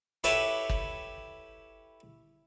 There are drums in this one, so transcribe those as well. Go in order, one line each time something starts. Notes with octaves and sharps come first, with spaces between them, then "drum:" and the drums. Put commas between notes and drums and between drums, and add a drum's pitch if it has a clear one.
E4 G4 A4 B4 C#5 E5, drum: hi-hat
drum: kick